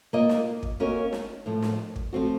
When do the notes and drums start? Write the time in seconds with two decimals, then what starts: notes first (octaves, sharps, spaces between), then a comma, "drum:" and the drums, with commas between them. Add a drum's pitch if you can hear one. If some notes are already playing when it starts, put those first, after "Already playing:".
0.13 A#3 F4 A#4 D#5
0.29 drum: snare
0.63 drum: kick
0.80 A#3 C#4 F#4 A#4 D#5
1.13 drum: snare
1.46 A2 F3 A3
1.62 drum: snare
1.96 drum: kick
2.13 F3 A3 C4 F#4